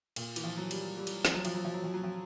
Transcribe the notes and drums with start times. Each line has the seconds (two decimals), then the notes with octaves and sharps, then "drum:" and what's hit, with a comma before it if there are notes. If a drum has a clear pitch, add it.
0.16 A#2, drum: cymbal
0.36 E3, drum: cymbal
0.44 F3
0.57 F#3
0.71 G3, drum: cymbal
0.98 G3
1.07 drum: cymbal
1.25 F3, drum: snare
1.34 F#3
1.45 F3, drum: cymbal
1.55 F#3
1.65 F3
1.74 F#3
1.84 F3
1.94 F#3
2.03 F3